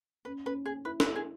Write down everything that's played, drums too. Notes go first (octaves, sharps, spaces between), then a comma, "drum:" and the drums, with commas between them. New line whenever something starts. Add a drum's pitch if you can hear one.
C#4 B4
C#4 B4
C#4 G#4
E4 B4
B4, drum: snare
E4
G#4